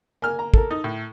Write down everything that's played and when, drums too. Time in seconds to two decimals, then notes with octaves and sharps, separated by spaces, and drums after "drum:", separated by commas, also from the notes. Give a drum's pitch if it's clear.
0.22 A#3 G#5 F6
0.39 A#5
0.54 A4 A#4, drum: kick
0.71 D#4
0.84 A2